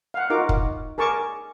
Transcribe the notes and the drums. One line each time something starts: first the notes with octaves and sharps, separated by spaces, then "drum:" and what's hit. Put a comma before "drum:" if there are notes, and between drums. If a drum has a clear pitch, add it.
F5 F#5
D#4 F4 F#4 A#4 D6
drum: kick
G#4 A#4 A5 C#6 D6